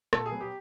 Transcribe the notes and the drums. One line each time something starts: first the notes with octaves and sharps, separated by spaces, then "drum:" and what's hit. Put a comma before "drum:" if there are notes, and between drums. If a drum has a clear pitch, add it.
A#2 A4, drum: rim click
G#4
F#3 B3
G4